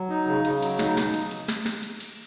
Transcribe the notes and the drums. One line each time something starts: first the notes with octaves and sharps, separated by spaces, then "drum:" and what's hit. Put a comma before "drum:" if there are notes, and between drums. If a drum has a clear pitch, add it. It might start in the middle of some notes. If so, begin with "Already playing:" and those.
Already playing: F#3
D#4
C#3
C#3, drum: cymbal
F#3, drum: cymbal
D#4, drum: snare
B2, drum: snare
drum: cymbal
drum: cymbal
drum: snare
drum: snare
drum: cymbal
drum: cymbal